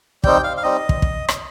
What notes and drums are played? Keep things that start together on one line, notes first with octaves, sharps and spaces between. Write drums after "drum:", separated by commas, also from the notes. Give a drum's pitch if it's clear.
G3 C4 D#4 G5, drum: kick
F5
F5
G3 C4 D#4 D#5
drum: kick
drum: kick
drum: rim click